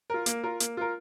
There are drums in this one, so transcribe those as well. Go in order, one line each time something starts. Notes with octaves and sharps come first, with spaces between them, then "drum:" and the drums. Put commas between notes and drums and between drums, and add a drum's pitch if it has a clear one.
F4 A#4
A#3, drum: hi-hat
F4 A#4
A#3, drum: hi-hat
F4 A#4